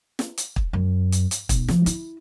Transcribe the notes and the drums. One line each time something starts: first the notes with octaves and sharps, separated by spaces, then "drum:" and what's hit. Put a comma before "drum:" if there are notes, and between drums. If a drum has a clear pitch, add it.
drum: snare
drum: hi-hat
drum: kick
F#2
drum: hi-hat
drum: hi-hat
B1, drum: kick, hi-hat
F3, drum: snare
E4, drum: hi-hat